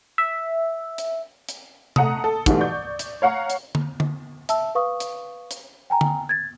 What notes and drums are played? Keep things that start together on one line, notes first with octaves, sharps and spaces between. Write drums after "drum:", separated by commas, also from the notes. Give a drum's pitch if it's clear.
E5
drum: hi-hat
drum: hi-hat
A3 F#5 A#5 D#6, drum: tom C3
A4
G#2 B2 E3 G3 A3, drum: kick, hi-hat
D5 C#6 G6
drum: hi-hat
C#5 F5 F#5 A#5 C#6
drum: hi-hat
drum: tom D3
drum: tom D3
E5 A5 E6, drum: hi-hat
B4 F5 C#6 D#6
drum: hi-hat
drum: hi-hat
G5 G#5 A#5
drum: tom D3
G#6 A6